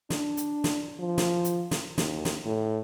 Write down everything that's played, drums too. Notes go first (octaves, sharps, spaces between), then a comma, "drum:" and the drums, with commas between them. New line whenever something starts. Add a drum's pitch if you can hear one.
D4, drum: snare
drum: hi-hat
drum: snare
F3
drum: snare
drum: hi-hat
drum: snare
D#2, drum: snare
drum: snare
A2